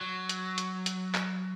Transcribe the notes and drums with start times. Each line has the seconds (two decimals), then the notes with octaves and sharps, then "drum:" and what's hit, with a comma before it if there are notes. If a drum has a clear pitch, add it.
0.01 F#3
0.29 drum: hi-hat
0.58 drum: hi-hat
0.86 drum: hi-hat
1.15 drum: clap